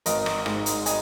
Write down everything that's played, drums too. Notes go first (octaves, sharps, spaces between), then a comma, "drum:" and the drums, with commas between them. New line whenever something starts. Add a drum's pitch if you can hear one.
G#1 A#4 D#5, drum: hi-hat
drum: rim click
G#2 G#3, drum: rim click
drum: hi-hat
D#5 G#5, drum: hi-hat